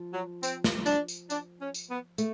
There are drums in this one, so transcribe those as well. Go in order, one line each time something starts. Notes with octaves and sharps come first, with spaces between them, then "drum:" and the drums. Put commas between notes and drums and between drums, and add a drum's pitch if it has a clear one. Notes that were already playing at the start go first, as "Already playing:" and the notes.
Already playing: F3
F#3
C4, drum: tambourine
drum: snare
D4, drum: tambourine
drum: tambourine
D4, drum: tambourine
C#4
drum: tambourine
B3
A3, drum: tambourine